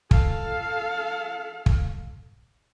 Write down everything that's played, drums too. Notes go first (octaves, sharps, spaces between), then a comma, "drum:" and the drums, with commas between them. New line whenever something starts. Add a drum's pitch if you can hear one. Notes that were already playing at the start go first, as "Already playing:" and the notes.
A4 F5, drum: kick
drum: kick